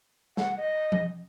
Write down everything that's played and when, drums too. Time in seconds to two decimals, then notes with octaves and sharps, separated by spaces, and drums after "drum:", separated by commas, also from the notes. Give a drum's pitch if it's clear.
0.37 F#5, drum: snare
0.58 D#5
0.92 drum: tom F3